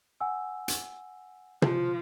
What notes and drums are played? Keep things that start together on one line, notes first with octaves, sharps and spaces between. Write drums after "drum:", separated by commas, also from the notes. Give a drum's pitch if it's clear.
F#5 G#5 E6
drum: hi-hat
F3, drum: tom